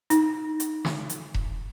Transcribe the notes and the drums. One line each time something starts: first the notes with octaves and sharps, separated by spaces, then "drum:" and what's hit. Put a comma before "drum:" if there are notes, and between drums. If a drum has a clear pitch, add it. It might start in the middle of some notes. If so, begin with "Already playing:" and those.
D#4, drum: hi-hat
drum: hi-hat
drum: snare
drum: hi-hat
drum: kick E1